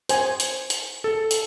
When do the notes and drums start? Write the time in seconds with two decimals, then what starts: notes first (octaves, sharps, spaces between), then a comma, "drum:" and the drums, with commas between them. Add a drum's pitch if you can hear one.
0.09 C5 G#5, drum: hi-hat
0.40 drum: hi-hat
0.70 drum: hi-hat
1.04 A4
1.31 drum: hi-hat